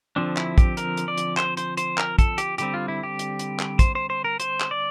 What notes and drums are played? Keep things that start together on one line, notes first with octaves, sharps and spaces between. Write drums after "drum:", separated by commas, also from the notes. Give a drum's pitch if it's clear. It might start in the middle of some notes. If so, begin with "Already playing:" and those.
D3 F3 C4 D4
E4, drum: clap
G4, drum: kick, hi-hat
A#4, drum: hi-hat
drum: hi-hat
D5
drum: hi-hat
C5, drum: clap
C5, drum: hi-hat
C5, drum: hi-hat
A#4, drum: clap
A4, drum: kick, hi-hat
G4, drum: hi-hat
D3 G3 C4 G4, drum: hi-hat
F4
E4
G4
drum: hi-hat
drum: hi-hat
drum: clap
C5, drum: kick, hi-hat
C5
C5
A#4
C5, drum: hi-hat
drum: clap
D5